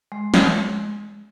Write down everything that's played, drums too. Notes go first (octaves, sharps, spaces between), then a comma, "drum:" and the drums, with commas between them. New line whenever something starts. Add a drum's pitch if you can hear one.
G#3
drum: snare